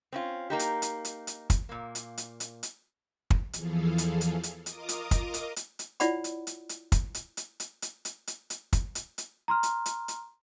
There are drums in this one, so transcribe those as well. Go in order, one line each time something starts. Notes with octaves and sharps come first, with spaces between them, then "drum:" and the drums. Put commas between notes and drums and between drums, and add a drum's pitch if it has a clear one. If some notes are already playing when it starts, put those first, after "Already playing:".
C4 C#4 F4
A#3 D#4 G4
drum: hi-hat
drum: hi-hat
drum: hi-hat
drum: hi-hat
drum: kick, hi-hat
A#2 A#3
drum: hi-hat
drum: hi-hat
drum: hi-hat
drum: hi-hat
drum: kick
E2 E3 F3 G#4 A4 F5, drum: hi-hat
drum: hi-hat
drum: hi-hat
drum: hi-hat
F4 A#4 D#5 A#5 D6 D#6, drum: hi-hat
drum: hi-hat
drum: kick, hi-hat
drum: hi-hat
drum: hi-hat
drum: hi-hat
E4 F4 C#5 D5 F#5 B5, drum: hi-hat
drum: hi-hat
drum: hi-hat
drum: hi-hat
drum: kick, hi-hat
drum: hi-hat
drum: hi-hat
drum: hi-hat
drum: hi-hat
drum: hi-hat
drum: hi-hat
drum: hi-hat
drum: kick, hi-hat
drum: hi-hat
drum: hi-hat
A#5 C6 F6
drum: hi-hat
drum: hi-hat
drum: hi-hat